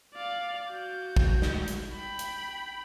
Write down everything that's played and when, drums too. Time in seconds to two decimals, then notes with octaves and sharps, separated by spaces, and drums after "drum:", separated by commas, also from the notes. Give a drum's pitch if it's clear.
0.13 D5 F5
0.70 F#4 G6
1.16 drum: kick
1.42 drum: snare
1.68 drum: hi-hat
1.93 G5 B5
2.19 drum: hi-hat